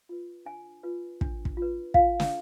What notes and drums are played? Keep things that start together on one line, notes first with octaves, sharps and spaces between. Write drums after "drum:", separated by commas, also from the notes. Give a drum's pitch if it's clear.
F4 B4
D4 G#5
F4 B4
D4, drum: kick
drum: kick
F4
B4
F4 F5, drum: kick
drum: snare